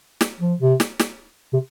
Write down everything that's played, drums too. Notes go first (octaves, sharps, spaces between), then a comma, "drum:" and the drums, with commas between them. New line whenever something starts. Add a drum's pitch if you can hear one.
drum: snare
F3
C3
drum: snare
drum: snare
C3